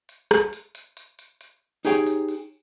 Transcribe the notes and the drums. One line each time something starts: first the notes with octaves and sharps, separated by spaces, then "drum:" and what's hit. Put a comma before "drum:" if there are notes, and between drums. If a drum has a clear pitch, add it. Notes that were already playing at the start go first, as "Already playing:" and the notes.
drum: hi-hat
drum: rim click
drum: hi-hat
drum: hi-hat
drum: hi-hat
drum: hi-hat
drum: hi-hat
D#4 G4 G#4 C#5 G5, drum: hi-hat
drum: hi-hat
drum: open hi-hat